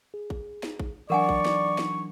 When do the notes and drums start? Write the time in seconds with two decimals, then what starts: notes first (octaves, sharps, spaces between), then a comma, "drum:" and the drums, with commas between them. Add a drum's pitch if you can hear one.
0.14 G#4
0.30 drum: kick
0.63 drum: snare D#4
0.80 drum: kick
1.10 E3 F#3 D4 A#4 D5 F#5 G#5 C#6
1.29 drum: kick
1.45 drum: snare D#4
1.78 drum: snare D#4